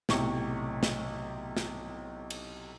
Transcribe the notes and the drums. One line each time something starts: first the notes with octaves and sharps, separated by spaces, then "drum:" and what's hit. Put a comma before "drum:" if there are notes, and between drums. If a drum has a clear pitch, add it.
B1 A2 C3 C#6, drum: snare
drum: snare
drum: snare
drum: cymbal